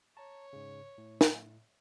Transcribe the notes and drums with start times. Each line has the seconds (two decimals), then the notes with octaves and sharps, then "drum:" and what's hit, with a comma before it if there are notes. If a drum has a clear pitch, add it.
0.17 C#5 A5 A#5
0.53 G#2 C#3
0.98 A2
1.21 drum: snare